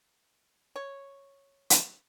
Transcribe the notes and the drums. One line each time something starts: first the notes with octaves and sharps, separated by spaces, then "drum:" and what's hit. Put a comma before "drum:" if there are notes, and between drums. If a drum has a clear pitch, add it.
C#5
drum: hi-hat